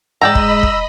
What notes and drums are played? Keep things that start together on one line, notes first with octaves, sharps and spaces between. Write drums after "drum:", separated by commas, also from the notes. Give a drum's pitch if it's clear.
G#2 G#3 D5 D#5 G5 A#5 B5 E6
drum: kick
drum: kick